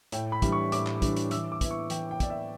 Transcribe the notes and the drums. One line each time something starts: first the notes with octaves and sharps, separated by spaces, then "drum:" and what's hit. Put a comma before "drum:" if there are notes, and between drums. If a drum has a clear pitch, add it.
A2 G5, drum: hi-hat
B5
E3 G3 D4, drum: kick, hi-hat
C#6
A2 D6, drum: hi-hat
drum: clap
E3 G3 D4, drum: kick, hi-hat
drum: hi-hat
E3 E6, drum: hi-hat
D6
B3 E4, drum: kick, hi-hat
C#6
E3 G5, drum: hi-hat
G5
B3 E4 D5, drum: kick, hi-hat
E5